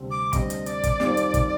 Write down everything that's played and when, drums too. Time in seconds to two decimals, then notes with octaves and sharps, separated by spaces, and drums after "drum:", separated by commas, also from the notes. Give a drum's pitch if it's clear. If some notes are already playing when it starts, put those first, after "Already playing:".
Already playing: D2 C3 G3 C4
0.11 D6
0.33 D2 C3 G3 C4 D#5, drum: kick, hi-hat
0.50 drum: hi-hat
0.66 D5, drum: hi-hat
0.83 drum: kick, hi-hat
1.00 F2 D#3 G3 C4 F4, drum: snare
1.17 drum: hi-hat
1.34 drum: kick, hi-hat